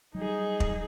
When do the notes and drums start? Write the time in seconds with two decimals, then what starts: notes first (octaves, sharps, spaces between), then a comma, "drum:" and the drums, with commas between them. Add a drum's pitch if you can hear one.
0.15 F#3 G3 D#4 G#4
0.60 drum: kick